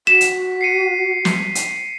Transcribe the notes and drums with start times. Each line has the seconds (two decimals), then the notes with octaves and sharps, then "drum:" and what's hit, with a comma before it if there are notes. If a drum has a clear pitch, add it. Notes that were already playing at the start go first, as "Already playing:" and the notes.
0.07 F#4 B6 E7
0.21 drum: hi-hat
0.61 C7 C#7 D#7
1.25 drum: snare
1.55 drum: hi-hat